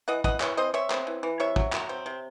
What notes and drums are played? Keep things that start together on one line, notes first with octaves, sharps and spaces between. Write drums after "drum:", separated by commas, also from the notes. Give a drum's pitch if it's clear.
E3 D#5 F#5
E3 D#5 F#5, drum: kick
E3 C#5 E5, drum: clap
C4 C5 D#5
C4 C#5 E5
C4, drum: clap
E3
E3
C3 C#5 E5
F#3, drum: kick
F#3, drum: clap
C4
C3